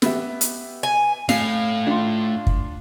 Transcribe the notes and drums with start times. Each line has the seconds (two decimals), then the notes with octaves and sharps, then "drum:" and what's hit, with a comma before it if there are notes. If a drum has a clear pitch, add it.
0.02 B3 G4 E5, drum: snare
0.41 drum: hi-hat
0.83 G#5
1.29 A2 F5, drum: snare
1.87 D4 F4
2.47 drum: kick